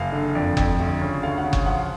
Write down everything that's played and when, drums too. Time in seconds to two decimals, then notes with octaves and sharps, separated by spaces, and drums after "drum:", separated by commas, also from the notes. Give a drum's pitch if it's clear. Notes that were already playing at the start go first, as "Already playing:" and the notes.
Already playing: F#1 F5
0.12 D3
0.35 F2 D5
0.57 F2, drum: kick F#1
0.79 D2
1.01 C#3
1.23 D2 F5
1.38 F#5
1.44 C#3
1.53 F5, drum: kick F#1
1.66 F3 F#5